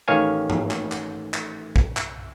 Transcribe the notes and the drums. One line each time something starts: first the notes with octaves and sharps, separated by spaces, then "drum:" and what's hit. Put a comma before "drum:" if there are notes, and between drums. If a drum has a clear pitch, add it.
A1 D#3 C#5 F5 G#5
drum: tom
drum: clap
drum: clap
drum: clap
drum: kick
drum: clap